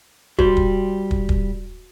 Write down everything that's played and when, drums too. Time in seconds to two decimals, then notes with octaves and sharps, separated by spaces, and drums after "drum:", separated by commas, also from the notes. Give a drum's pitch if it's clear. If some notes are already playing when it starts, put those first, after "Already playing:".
0.39 G3 F#4 C5, drum: kick
0.57 drum: kick
1.11 drum: kick
1.29 drum: kick